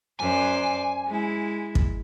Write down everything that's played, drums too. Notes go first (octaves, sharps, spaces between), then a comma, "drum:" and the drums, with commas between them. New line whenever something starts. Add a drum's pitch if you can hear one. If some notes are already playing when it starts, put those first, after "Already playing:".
F#2 C5 D5 G#5
G#3 E4
drum: kick